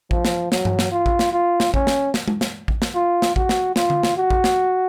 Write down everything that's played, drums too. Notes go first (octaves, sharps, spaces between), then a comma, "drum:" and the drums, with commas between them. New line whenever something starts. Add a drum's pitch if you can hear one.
F3, drum: kick A1
drum: snare
F#3, drum: snare
drum: tom G2
drum: snare
F4
drum: kick A1
drum: snare
F4
drum: snare
C#4, drum: kick A1
drum: snare
drum: snare
drum: tom G#3
drum: snare
drum: kick A1
drum: snare
F4
drum: snare
F#4, drum: kick A1
drum: snare
F4, drum: snare
drum: tom D3
drum: snare
F#4
drum: kick A1
drum: snare